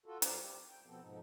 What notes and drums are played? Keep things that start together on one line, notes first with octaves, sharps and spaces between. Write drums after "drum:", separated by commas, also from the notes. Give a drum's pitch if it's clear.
F4 F#4 A4
G2 C5 D5 F5 A#5, drum: hi-hat
G4
G5
B2 F3 B3 C4 A4
F2 G#2 B2 F3 D#4